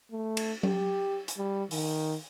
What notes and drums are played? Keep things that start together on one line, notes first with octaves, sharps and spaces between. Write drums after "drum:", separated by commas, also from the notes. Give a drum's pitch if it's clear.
A3
drum: cymbal
G4, drum: tom F#3
drum: hi-hat
G3
D#3, drum: open hi-hat